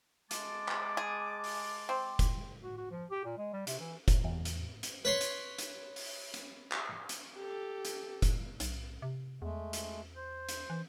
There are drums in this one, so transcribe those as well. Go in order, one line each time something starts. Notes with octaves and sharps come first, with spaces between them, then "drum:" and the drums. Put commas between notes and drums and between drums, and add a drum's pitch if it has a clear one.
G#3 A5 D6, drum: hi-hat
drum: clap
G#4
drum: open hi-hat
C4
drum: kick F1, hi-hat
F#4
F#4
F3
G4
A#2
G#3
G3
C3, drum: hi-hat
E3
drum: kick F1, hi-hat
E2
drum: hi-hat
drum: hi-hat
B4 C#5 C6
drum: hi-hat
drum: hi-hat
drum: open hi-hat
drum: hi-hat
drum: clap
drum: hi-hat
G4 A4
drum: hi-hat
drum: kick F1, hi-hat
B1, drum: hi-hat
C3
E2 G#3 A3
drum: hi-hat
C5
drum: hi-hat
E3